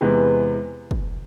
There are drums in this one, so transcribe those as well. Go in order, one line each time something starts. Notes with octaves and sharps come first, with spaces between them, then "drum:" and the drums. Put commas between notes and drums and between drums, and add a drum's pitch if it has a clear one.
E2 C3 E3 G#3 B3
drum: kick